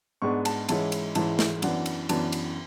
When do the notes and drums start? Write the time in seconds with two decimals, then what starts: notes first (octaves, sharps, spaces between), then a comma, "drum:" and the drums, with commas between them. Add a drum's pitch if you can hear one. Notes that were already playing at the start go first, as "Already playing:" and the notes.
0.22 G#2 G#3 B3 D4 C#6
0.45 A5, drum: cymbal
0.69 G#2 E3 G#3 C#4 E4 A5, drum: cymbal
0.92 drum: cymbal
1.15 G#2 E3 G#3 C#4 E4 A5, drum: cymbal
1.39 drum: snare
1.62 F#2 E3 B3 D4 F#5, drum: cymbal
1.86 drum: cymbal
2.09 F#2 E3 B3 D4 A5, drum: cymbal
2.32 drum: cymbal